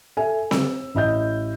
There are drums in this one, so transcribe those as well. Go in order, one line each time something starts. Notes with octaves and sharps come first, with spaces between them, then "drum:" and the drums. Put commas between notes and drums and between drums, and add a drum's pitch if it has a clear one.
A4 E5 G#5
E6, drum: snare C4
A1 E4 D#5 G6